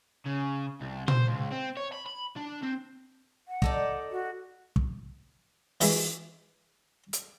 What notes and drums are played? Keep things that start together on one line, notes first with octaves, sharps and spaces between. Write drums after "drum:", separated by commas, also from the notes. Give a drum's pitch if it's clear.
C#3
C2
C5, drum: tom A#2
C#2
C4
C#5
B5
B5
D4
C4
F#5
D#4 A4 D5, drum: kick
F#4
drum: kick
E3 G#3 A#3 B4 E5, drum: open hi-hat
drum: hi-hat